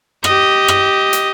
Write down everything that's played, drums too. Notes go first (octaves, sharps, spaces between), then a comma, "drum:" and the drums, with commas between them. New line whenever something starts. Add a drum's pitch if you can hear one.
G4 D#5, drum: rim click
drum: rim click
drum: hi-hat